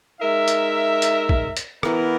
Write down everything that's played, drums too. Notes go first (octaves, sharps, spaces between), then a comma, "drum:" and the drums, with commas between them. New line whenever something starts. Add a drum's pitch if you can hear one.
G#3 D#4 A#4 E5
drum: hi-hat
drum: hi-hat
drum: kick
drum: hi-hat
E3 B3 E4 A#4, drum: rim click